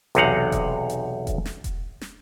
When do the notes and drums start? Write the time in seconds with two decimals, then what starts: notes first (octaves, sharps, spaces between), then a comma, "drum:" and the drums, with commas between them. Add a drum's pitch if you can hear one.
0.15 B1 E2 C3 D#4 F5 F#5, drum: hi-hat
0.52 drum: kick E1, hi-hat
0.90 drum: hi-hat
1.27 drum: kick E1, hi-hat
1.45 drum: snare
1.64 drum: kick E1, hi-hat
2.01 drum: snare